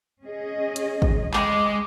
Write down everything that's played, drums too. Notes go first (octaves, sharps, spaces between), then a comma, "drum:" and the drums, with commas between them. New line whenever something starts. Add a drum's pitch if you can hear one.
C#4 G#4 D#5
drum: hi-hat
drum: kick G#1
G#3 D6, drum: clap